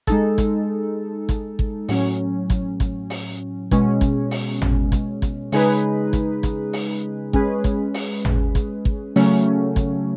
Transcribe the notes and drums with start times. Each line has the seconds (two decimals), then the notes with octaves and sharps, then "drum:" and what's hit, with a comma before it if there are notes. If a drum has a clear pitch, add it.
0.07 G#3 D#4 A4, drum: kick, hi-hat
0.38 drum: kick, hi-hat
1.29 drum: kick, hi-hat
1.59 drum: kick
1.89 A2 F#3 C#4, drum: open hi-hat
2.50 drum: kick, hi-hat
2.80 drum: kick, hi-hat
3.10 drum: open hi-hat
3.71 B2 G#3 C#4, drum: kick, hi-hat
4.01 drum: kick, hi-hat
4.31 drum: open hi-hat
4.62 drum: tom G#1
4.92 drum: kick, hi-hat
5.22 drum: kick, hi-hat
5.52 C#3 G#3 D#4 G#4 B4, drum: open hi-hat
6.13 drum: kick, hi-hat
6.43 drum: kick, hi-hat
6.73 drum: open hi-hat
7.33 G#3 C#4 G#4 B4, drum: kick
7.64 drum: kick, hi-hat
7.94 drum: open hi-hat
8.25 drum: tom G#1
8.55 drum: kick, hi-hat
8.85 drum: kick
9.16 C#3 F#3 A3 C#4, drum: open hi-hat
9.76 drum: kick, hi-hat